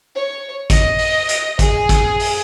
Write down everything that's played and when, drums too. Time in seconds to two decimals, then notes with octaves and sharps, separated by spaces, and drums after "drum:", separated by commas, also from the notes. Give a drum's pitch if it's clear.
0.15 C#5
0.70 D#5, drum: kick, hi-hat
0.98 drum: open hi-hat
1.29 drum: hi-hat
1.59 G#4, drum: kick, hi-hat
1.89 drum: kick, hi-hat
2.20 drum: open hi-hat